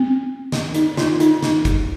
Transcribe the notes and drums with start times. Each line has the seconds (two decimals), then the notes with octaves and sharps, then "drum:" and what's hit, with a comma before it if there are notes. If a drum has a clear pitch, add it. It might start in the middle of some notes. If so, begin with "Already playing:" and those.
Already playing: C4
0.52 drum: snare
0.74 D#4, drum: hi-hat
0.97 F4, drum: snare
1.20 D#4, drum: hi-hat
1.43 drum: snare
1.65 drum: kick, hi-hat